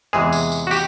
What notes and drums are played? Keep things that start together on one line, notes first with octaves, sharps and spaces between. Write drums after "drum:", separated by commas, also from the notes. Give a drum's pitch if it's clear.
E2 C3 E3 G#3 G#4, drum: rim click
drum: tambourine
drum: tambourine
F#4
G4, drum: tambourine